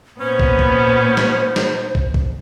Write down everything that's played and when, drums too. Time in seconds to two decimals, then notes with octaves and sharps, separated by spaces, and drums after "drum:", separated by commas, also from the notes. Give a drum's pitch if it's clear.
0.20 A#2 B3 C#4 C5
0.40 drum: kick
0.59 drum: kick
1.17 drum: snare
1.56 drum: snare
1.95 drum: kick
2.14 drum: kick